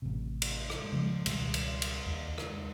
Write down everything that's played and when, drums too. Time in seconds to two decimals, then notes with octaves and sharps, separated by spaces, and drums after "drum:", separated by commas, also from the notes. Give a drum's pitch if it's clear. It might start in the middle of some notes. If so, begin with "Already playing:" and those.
0.02 A1 C3
0.42 drum: cymbal
0.70 drum: rim click
0.92 C#3 F3 G3 G#3
1.26 C#2 B2 D#3 G3, drum: cymbal
1.54 drum: cymbal
1.82 drum: cymbal
2.06 D#2
2.38 drum: rim click